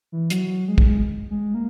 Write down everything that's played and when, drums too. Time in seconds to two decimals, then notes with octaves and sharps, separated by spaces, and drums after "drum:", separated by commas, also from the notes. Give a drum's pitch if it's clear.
0.12 E3
0.30 F#3, drum: hi-hat
0.68 G#3
0.78 drum: kick
1.31 G#3
1.54 A#3